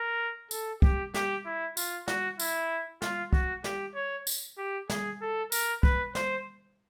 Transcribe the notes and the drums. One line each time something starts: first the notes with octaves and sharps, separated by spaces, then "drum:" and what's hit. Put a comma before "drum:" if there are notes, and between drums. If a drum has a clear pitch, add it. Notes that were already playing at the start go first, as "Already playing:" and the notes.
Already playing: A#4
A4, drum: tambourine
G4, drum: kick
G4, drum: snare
E4
F4, drum: tambourine
F#4, drum: snare
E4, drum: tambourine
F4, drum: snare
F#4, drum: kick
G4, drum: snare
C#5
drum: tambourine
G4
G#4, drum: snare
A4
A#4, drum: tambourine
B4, drum: kick
C5, drum: snare